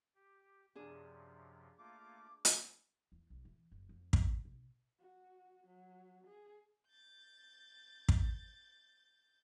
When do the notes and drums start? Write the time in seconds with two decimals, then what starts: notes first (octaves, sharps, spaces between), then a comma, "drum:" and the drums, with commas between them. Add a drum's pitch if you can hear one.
0.15 G4
0.75 F#2 C3 F3 D4 G#4
1.78 A3 A#3 F4 D6
2.45 drum: hi-hat
3.12 E2
3.30 B1
3.45 E3
3.71 F#1
3.89 F2
4.13 F3, drum: kick
4.29 A2
4.45 B1
4.99 F#4
5.66 F#3
6.27 G#4
6.89 G6 A6
8.09 drum: kick